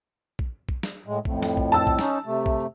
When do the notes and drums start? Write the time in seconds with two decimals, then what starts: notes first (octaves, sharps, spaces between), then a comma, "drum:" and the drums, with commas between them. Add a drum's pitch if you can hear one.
0.39 drum: kick A#1
0.69 drum: kick A#1
0.83 drum: snare
1.07 A2 G#3
1.25 F2 A2, drum: kick A#1
1.42 drum: snare
1.57 drum: kick A#1
1.72 A5 E6
1.87 drum: kick A#1
1.99 C#4 D#4, drum: snare
2.26 C3 A3
2.46 drum: kick A#1